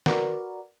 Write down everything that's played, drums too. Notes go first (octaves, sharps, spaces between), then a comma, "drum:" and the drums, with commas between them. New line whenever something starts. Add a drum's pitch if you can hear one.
F#4 A#4 B4 D5, drum: snare